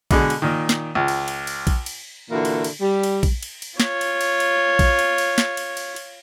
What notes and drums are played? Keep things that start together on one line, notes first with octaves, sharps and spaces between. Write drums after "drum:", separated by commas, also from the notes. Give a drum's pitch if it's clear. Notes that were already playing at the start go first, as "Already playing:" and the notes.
B2 D3 G#3, drum: kick A#1, cymbal
drum: cymbal
A#2 D#3
drum: snare
C#2
drum: cymbal
drum: cymbal
drum: cymbal
drum: kick A#1, cymbal
drum: cymbal
A#2 D3 E3 A#3 E4 F#4
drum: cymbal
drum: cymbal
G3
drum: cymbal
drum: kick A#1, cymbal
drum: cymbal
drum: cymbal
F4 C#5, drum: snare
drum: cymbal
drum: cymbal
drum: cymbal
drum: kick A#1, cymbal
drum: cymbal
drum: cymbal
drum: snare
drum: cymbal
drum: cymbal
drum: cymbal